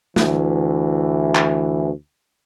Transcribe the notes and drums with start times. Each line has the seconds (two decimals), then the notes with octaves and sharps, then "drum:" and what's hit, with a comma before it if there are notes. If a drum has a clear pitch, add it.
0.16 D2 E3, drum: snare
1.35 drum: clap